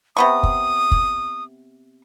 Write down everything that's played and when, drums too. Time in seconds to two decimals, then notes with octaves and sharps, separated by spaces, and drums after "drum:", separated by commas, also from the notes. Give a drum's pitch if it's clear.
0.17 C3 B3 C#6 D#6
0.43 drum: kick
0.92 drum: kick